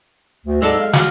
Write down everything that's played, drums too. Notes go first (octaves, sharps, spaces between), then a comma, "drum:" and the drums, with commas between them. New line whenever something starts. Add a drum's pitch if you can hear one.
D2
G#2 G#3 A4 D5 E6
F5
F#4, drum: snare